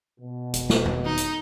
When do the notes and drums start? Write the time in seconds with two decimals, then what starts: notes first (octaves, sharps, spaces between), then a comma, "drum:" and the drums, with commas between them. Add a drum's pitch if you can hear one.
0.19 B2
0.54 F1, drum: hi-hat
0.70 drum: snare
0.86 drum: tom E2
1.05 D#4
1.17 drum: hi-hat